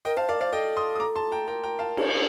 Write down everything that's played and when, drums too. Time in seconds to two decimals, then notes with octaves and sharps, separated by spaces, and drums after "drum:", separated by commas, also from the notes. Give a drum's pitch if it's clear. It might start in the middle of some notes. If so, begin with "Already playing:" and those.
0.05 A#4 D#5 G5
0.17 C5 F5 A5
0.29 A#4 D5 F5
0.40 C5 D5 F5
0.53 A4 D#5 G5
0.77 C6 D#6
0.95 D#6
1.00 A#5 D6
1.16 A5 C6
1.32 G5 A#5
1.47 A#4 G5 A#5
1.63 G5 A#5
1.79 F5 A5
1.97 drum: cymbal